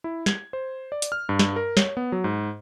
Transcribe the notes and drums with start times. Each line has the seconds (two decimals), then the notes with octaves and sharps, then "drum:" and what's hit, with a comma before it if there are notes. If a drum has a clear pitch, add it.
0.04 E4
0.26 G#6, drum: snare
0.53 C5
0.92 D5
1.02 drum: hi-hat
1.12 F6
1.29 G2
1.39 drum: snare
1.56 A#4
1.77 C#5, drum: snare
1.97 B3
2.12 F#3
2.24 G#2